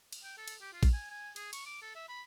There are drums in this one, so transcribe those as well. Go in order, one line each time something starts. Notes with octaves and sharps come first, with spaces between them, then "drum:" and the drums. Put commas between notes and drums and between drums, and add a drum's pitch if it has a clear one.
drum: cymbal
G5
A4
drum: cymbal
G4
F4
drum: kick, cymbal
G#5
G#5
G#4, drum: cymbal
C#6, drum: cymbal
D6
A4
E5
B5